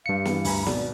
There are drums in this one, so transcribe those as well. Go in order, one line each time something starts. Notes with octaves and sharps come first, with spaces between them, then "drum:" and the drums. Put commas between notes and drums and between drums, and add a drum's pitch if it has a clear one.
G2 F5 C#7
E3 B3, drum: snare
D2 G#5 A#5 B5, drum: open hi-hat
G#1 B2 D5, drum: snare